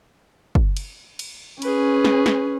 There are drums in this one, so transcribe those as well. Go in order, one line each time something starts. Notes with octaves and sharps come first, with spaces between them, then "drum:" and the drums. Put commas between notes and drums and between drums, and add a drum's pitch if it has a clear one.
drum: kick
drum: cymbal
drum: cymbal
C#4 G#4 B4, drum: cymbal
drum: snare
drum: snare